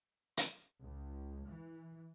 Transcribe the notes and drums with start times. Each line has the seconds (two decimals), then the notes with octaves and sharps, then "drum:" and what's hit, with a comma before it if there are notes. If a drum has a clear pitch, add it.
0.37 drum: hi-hat
0.83 C#2
1.47 E3